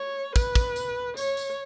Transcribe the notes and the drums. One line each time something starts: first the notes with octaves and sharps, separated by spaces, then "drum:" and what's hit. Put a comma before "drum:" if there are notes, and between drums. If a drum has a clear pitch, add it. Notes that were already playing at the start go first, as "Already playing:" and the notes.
Already playing: C#5
B4, drum: kick, tambourine
drum: kick, tambourine
drum: tambourine
C#5, drum: tambourine
drum: tambourine